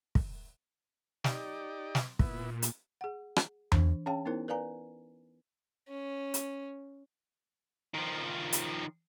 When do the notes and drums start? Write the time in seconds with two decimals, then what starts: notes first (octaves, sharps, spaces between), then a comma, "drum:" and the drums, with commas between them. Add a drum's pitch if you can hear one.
0.15 drum: kick
1.24 D#4 G4 D5, drum: snare
1.95 drum: snare
2.19 A#2 B3 E4, drum: kick
2.62 drum: hi-hat
3.01 G#4 F#5
3.36 drum: rim click
3.72 E3 D4, drum: tom E2
4.06 C#4 G#4 C#5 F5 G5 A5
4.26 B3 D#4 E4 A#4 C5
4.48 A#4 B4 D5 F5 G#5 A#5
5.88 C#4
6.34 drum: hi-hat
7.94 D#3 F3
8.53 drum: hi-hat